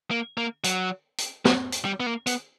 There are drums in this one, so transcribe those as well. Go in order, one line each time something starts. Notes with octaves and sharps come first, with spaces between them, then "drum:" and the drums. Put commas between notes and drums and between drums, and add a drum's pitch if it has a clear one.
A#3
A#3
F#3, drum: hi-hat
drum: hi-hat
F#3, drum: snare
drum: hi-hat
G3
B3
A#3
B3, drum: hi-hat